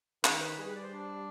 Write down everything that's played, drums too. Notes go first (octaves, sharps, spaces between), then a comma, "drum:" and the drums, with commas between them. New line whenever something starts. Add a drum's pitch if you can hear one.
D#3 B4, drum: clap
B4
G3 G#4
B4
D5
C5
D4